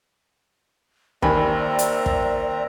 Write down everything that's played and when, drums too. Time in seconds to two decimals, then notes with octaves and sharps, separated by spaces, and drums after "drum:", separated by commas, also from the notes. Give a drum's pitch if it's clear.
1.22 D#2 C4 D5 E5 G#5 A#5 B5, drum: kick
1.79 drum: hi-hat
2.06 drum: kick